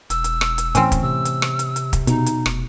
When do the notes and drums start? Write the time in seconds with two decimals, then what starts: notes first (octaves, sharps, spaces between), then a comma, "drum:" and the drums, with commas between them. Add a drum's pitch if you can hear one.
0.10 E1 E6, drum: hi-hat
0.24 drum: hi-hat
0.41 drum: rim click
0.58 drum: hi-hat
0.75 A2 E3 C4 C#4, drum: hi-hat
0.92 drum: kick, hi-hat
1.03 C3 E6
1.25 drum: hi-hat
1.42 drum: rim click
1.59 drum: hi-hat
1.76 drum: hi-hat
1.93 drum: kick, hi-hat
2.07 B2 D#4, drum: hi-hat
2.26 drum: hi-hat
2.46 F1, drum: rim click